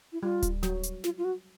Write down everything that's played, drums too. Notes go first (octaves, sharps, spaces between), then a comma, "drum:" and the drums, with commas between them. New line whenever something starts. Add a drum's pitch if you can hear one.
E4
G3 F4
drum: kick D1, hi-hat
F#3, drum: snare
drum: hi-hat
F4, drum: snare
F4
F#4